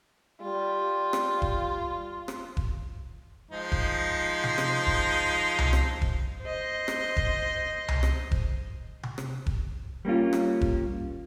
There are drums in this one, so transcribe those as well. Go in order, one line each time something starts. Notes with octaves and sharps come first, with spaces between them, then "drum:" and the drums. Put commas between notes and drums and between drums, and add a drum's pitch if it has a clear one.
G3 F4
drum: rim click
drum: kick E1
drum: rim click
drum: kick E1
F3 G#3 D#4
drum: kick E1
drum: tom C3
drum: rim click
drum: kick E1
drum: tom C2
drum: rim click
drum: kick E1
C5 D#5
drum: rim click
drum: kick E1
drum: tom C2
drum: rim click
drum: kick E1
drum: tom C3
drum: rim click
drum: kick E1
G3 A#3 C#4 F4
drum: rim click
drum: kick E1